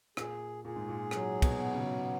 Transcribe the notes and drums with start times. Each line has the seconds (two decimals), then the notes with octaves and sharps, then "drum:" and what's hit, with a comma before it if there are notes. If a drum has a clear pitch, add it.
0.17 A#2 G#4, drum: rim click
0.64 A#2 G#4
0.76 G#2
0.89 A#2
1.11 F#3, drum: rim click
1.42 B2, drum: kick, cymbal
1.58 B3
1.74 C#3